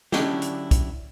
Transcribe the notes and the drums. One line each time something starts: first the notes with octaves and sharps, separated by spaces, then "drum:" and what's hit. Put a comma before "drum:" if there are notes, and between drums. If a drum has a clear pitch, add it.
D3 F#3 C#4 D4 E4 G4, drum: snare
drum: hi-hat
drum: kick, hi-hat